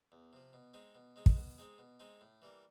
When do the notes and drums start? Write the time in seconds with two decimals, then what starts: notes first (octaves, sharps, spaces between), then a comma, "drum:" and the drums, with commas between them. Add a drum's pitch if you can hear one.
0.12 E2
0.33 C3 F3
0.53 B2
0.74 G#3 C4 D#4 G#4
0.95 B2
1.16 G#3 C4 D#4 G#4
1.26 drum: kick
1.36 B2
1.58 G#3 C4 D#4 G#4
1.78 B2
2.00 G#3 C4 D#4 G#4
2.21 A2
2.42 E3 G3 A#3